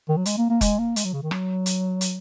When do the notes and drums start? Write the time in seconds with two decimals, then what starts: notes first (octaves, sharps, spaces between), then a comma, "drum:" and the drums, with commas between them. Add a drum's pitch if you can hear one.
0.09 D#3
0.17 F#3
0.26 G#3, drum: hi-hat
0.37 A#3
0.50 A#3
0.61 G#3, drum: kick F1, hi-hat
0.79 A#3
0.96 G#3, drum: hi-hat
1.04 F#3
1.13 C#3
1.23 D#3
1.31 F#3, drum: rim click
1.66 drum: hi-hat
2.01 drum: hi-hat